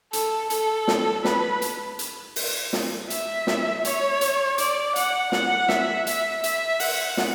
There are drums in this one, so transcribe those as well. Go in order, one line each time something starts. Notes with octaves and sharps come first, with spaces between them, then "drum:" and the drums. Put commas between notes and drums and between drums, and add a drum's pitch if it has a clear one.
A4, drum: hi-hat
A4, drum: hi-hat
drum: snare
B4, drum: snare
drum: hi-hat
drum: hi-hat
drum: open hi-hat
drum: snare
E5, drum: hi-hat
drum: snare
C#5, drum: hi-hat
drum: hi-hat
D5, drum: hi-hat
F#5, drum: hi-hat
F#5, drum: snare
E5, drum: snare
E5, drum: hi-hat
E5, drum: hi-hat
F#5, drum: open hi-hat
drum: snare